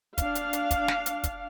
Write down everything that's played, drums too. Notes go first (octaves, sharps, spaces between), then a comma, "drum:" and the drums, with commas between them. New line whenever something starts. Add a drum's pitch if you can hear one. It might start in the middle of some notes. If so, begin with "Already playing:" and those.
D4 F5, drum: kick, hi-hat
drum: hi-hat
drum: hi-hat
drum: kick, hi-hat
drum: snare
drum: hi-hat
drum: kick, hi-hat